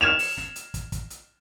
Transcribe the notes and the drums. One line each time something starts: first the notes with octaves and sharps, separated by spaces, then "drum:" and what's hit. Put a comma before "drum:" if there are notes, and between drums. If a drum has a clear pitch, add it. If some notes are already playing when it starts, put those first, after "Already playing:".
F6 G#6 E7 F7
drum: open hi-hat
drum: snare
drum: hi-hat
drum: kick, hi-hat
drum: kick, hi-hat
drum: hi-hat